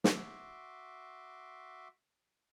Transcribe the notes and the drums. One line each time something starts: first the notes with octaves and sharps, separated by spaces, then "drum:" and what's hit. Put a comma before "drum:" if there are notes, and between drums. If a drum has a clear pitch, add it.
F#4 E5 C6 D6, drum: snare